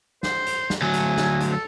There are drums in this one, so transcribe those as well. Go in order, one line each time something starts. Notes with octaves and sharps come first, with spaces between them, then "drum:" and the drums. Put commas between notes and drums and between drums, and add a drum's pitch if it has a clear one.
C5, drum: snare
drum: hi-hat
drum: snare
D2 F#3 G#5
drum: hi-hat
drum: snare
drum: hi-hat
A4